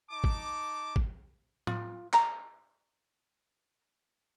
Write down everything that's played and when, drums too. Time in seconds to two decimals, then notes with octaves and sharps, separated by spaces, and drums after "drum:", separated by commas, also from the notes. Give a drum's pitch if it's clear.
0.11 D#4 A5 D6
0.24 drum: kick
0.96 drum: kick
1.67 F4, drum: tom A2
2.13 A#5, drum: clap